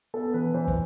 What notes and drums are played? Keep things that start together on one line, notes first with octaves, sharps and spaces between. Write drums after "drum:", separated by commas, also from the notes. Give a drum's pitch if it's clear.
B3 A4
E3 B4
E3 C5
drum: kick